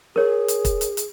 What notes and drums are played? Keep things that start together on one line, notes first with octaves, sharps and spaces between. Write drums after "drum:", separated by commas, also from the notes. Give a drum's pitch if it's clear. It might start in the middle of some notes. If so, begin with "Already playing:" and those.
G#4 A#4 C#5
drum: hi-hat
drum: kick, hi-hat
drum: hi-hat
drum: hi-hat